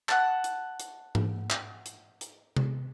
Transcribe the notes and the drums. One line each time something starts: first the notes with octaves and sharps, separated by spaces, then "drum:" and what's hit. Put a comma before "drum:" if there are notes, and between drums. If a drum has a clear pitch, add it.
F#5 A5, drum: clap
drum: hi-hat
drum: hi-hat
drum: tom G#2
drum: clap
drum: hi-hat
drum: hi-hat
drum: tom C3